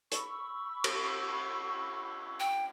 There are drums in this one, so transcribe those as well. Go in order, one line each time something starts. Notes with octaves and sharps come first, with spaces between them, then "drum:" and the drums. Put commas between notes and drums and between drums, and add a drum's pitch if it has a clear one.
B5 C#6 E6, drum: hi-hat
drum: cymbal
G5